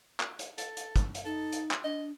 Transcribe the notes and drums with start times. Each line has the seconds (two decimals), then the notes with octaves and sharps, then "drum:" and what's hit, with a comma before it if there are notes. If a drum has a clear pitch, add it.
0.20 drum: clap
0.39 drum: hi-hat
0.58 A4, drum: hi-hat
0.77 drum: hi-hat
0.96 drum: kick, hi-hat
1.15 drum: hi-hat
1.25 D#4 A4
1.52 drum: hi-hat
1.71 drum: clap
1.84 D4 D#5